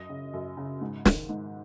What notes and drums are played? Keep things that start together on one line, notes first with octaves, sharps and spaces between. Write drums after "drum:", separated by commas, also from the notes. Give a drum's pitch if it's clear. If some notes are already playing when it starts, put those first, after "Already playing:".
Already playing: F#2 D#5
C#3
F#2
C#3
G#2
D#3, drum: snare
G#2